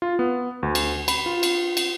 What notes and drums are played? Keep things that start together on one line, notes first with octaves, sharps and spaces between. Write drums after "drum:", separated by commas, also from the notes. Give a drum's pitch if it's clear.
F4
B3
D2
drum: cymbal
B5, drum: cymbal
F4
drum: cymbal
drum: cymbal